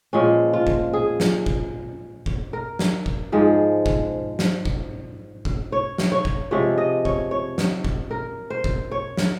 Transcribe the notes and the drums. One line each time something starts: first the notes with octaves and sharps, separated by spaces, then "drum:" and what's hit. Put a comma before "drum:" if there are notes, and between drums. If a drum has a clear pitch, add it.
A#2 F3 G#3 C#4
F4
drum: kick
G#4
drum: snare
drum: kick
drum: kick
A#4
drum: snare
drum: kick
G#2 F3 G#3
drum: kick
drum: snare
drum: kick
drum: kick
C#5
drum: snare
C#5
drum: kick
C3 F3 G#3 C#5
D#5
C#5, drum: kick
C#5
drum: snare
drum: kick
A#4
C5
drum: kick
C#5
drum: snare